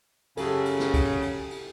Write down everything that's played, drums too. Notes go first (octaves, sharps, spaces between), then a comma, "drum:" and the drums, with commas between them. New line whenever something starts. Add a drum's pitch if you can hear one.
F#2 C#3 G4 A4, drum: cymbal
drum: cymbal
drum: snare
drum: kick, cymbal
drum: cymbal
drum: cymbal